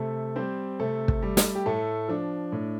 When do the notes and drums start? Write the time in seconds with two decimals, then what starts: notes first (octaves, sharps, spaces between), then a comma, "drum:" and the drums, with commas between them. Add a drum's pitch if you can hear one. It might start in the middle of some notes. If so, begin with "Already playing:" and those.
Already playing: C3 A3 A4
0.36 G3 C4 C5
0.80 C3 A3 A4
1.08 drum: kick
1.23 G3
1.37 drum: snare
1.55 G4
1.66 A2 A3 A4
2.08 F3 D4
2.52 A2